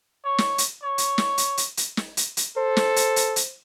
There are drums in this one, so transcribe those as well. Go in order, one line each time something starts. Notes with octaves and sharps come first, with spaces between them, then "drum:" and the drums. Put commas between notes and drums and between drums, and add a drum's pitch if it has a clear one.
C#5
drum: snare
drum: hi-hat
C#5
drum: hi-hat
drum: snare
drum: hi-hat
drum: hi-hat
drum: hi-hat
drum: snare
drum: hi-hat
drum: hi-hat
A4 C5
drum: snare
drum: hi-hat
drum: hi-hat
drum: hi-hat